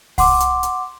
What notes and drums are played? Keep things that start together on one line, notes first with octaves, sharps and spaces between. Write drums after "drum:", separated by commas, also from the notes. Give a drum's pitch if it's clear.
F#5 C6 D6, drum: kick C2, open hi-hat
drum: hi-hat
drum: hi-hat